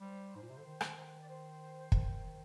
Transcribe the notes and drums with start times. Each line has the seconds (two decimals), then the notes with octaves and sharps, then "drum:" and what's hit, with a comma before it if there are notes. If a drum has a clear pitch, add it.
0.01 G3 C5
0.35 G#2
0.43 A#2
0.49 C3
0.58 D3
0.65 D#3
0.81 drum: rim click
1.20 D5
1.28 C5
1.92 D#3, drum: kick